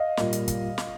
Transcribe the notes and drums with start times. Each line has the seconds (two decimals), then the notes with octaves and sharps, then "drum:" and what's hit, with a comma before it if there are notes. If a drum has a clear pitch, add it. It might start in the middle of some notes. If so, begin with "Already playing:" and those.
Already playing: D#5 F5
0.17 A#2 G3 A#3, drum: snare
0.33 drum: hi-hat
0.48 drum: kick, hi-hat
0.78 drum: snare